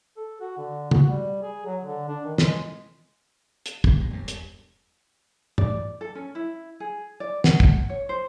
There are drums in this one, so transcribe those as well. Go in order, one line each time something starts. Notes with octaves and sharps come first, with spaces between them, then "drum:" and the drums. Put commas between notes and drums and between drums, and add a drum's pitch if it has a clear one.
A4
F#4
D3
F#4, drum: tom
G3
G#4
F#3
D3
D4
D#3
G#3, drum: snare
drum: hi-hat
B3, drum: kick
A#1 G#3
E1 G2
drum: hi-hat
D5, drum: tom
A4
C#4
E4
G#4
D5
F#5, drum: snare
drum: kick
C#5
C5